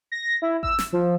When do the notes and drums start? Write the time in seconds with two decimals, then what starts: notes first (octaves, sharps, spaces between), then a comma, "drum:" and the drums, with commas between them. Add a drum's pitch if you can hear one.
0.12 A#6
0.42 E4
0.63 E6, drum: kick G#1
0.79 drum: snare
0.93 F3